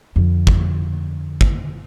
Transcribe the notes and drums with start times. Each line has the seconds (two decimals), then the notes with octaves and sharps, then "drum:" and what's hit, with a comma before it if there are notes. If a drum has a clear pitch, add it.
0.16 F2 D3
0.47 drum: kick
1.41 drum: kick